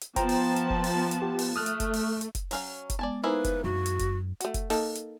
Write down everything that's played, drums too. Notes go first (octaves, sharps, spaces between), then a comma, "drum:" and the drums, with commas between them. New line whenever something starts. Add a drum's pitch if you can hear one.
drum: hi-hat
F3 B3 C5 G5 A5 A#5, drum: kick F1, hi-hat
drum: open hi-hat
drum: hi-hat
drum: kick F1
drum: open hi-hat
drum: hi-hat
G4
drum: open hi-hat
A3 D#6 F6 F#6
drum: hi-hat
drum: kick F1, hi-hat
drum: open hi-hat
drum: hi-hat
drum: kick F1, hi-hat
F#3 C#4 F5, drum: open hi-hat
drum: kick F1, hi-hat
G#3 B3 D5 G#5 A5
A#3 D#4 E4 G#4 B4 C5 E6
drum: kick F1, hi-hat
F#2 F#4
drum: hi-hat
drum: kick F1, hi-hat
A3 F#4, drum: hi-hat
drum: kick F1, hi-hat
A#3 D#4 A4, drum: open hi-hat
drum: hi-hat